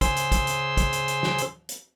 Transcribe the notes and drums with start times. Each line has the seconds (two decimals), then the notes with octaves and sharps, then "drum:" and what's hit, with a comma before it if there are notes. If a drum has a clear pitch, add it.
0.01 C#3 G#4 C5 C6 E6, drum: kick, hi-hat
0.16 drum: hi-hat
0.32 drum: kick, hi-hat
0.47 drum: hi-hat
0.77 drum: kick, hi-hat
0.93 drum: hi-hat
1.08 drum: hi-hat
1.23 drum: snare
1.38 drum: hi-hat
1.69 drum: hi-hat